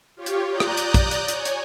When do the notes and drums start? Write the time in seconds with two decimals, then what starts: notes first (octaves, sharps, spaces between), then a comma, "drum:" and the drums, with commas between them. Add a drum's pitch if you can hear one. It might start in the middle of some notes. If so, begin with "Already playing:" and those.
0.16 F4 G4 C#5
0.26 drum: hi-hat
0.51 D5 A#5 D#6 F#6 G6
0.60 drum: rim click
0.77 drum: hi-hat
0.94 drum: kick, hi-hat
1.11 drum: hi-hat
1.28 C#5 G#5, drum: hi-hat
1.45 drum: hi-hat